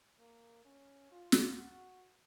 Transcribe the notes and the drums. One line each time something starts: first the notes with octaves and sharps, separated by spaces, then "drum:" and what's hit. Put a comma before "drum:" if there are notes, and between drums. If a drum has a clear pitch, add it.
A#3
C#4
F4
drum: snare
F#4